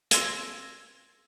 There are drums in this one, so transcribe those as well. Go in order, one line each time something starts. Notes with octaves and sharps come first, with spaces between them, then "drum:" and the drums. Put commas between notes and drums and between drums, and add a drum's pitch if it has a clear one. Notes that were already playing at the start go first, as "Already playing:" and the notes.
C6 E6 G#6 A#6, drum: hi-hat